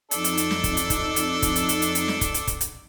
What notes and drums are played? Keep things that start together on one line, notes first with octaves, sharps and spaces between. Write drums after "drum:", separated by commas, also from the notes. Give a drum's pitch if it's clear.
F2 D4 D#4 A4, drum: hi-hat
drum: hi-hat
drum: hi-hat
drum: snare
drum: kick, hi-hat
drum: hi-hat
drum: kick, hi-hat
drum: hi-hat
drum: kick, hi-hat
drum: hi-hat
drum: hi-hat
drum: hi-hat
drum: hi-hat
drum: snare
drum: kick, hi-hat
drum: hi-hat
drum: kick, hi-hat
drum: hi-hat